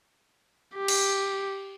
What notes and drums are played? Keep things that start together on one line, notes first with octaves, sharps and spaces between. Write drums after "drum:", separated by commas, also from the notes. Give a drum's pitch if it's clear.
G4
drum: cymbal